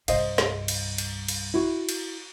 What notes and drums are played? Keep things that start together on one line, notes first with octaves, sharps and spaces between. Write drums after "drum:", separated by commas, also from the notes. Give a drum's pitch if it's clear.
C2 G2 C5 D#5 F5, drum: cymbal
drum: snare
drum: cymbal
drum: cymbal
drum: cymbal
E4 F#4
drum: cymbal